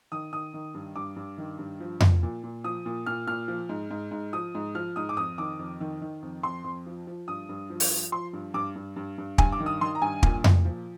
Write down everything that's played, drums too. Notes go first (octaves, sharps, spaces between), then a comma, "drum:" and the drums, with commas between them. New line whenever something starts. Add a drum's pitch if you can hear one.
D#3 D#6
D#3 D#6
D#3
G2
G2 D6
G2
D#3
G2
F3
F3, drum: tom F2
A#2
A#2
F3 D#6
A#2
A#2 F6
A#2 F6
F3
G#2
G#2
G#2
F3 D#6
G#2
F3 F6
G#2 D#6
D6
F2 D#6
D#3 D6
F2
D#3
D#3
F2
F2 C6
F2
F3
F3
G2 D#6
G2
F3
drum: open hi-hat
F3
F3 C6
G2
G2 D6
G2
G2
G2
G2 G#5, drum: kick
D6
D#3
D#6
D#3 C6
A#5
G2 G#5
A#2, drum: kick
A#2, drum: tom F2
F3